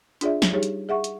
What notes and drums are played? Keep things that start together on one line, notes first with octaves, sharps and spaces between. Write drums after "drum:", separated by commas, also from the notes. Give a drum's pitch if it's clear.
D4 F4 G#4 D5 E5, drum: hi-hat
drum: snare
G3 D#4 G4 G#4 C#5
drum: hi-hat
G#4 E5 F#5 C#6
drum: hi-hat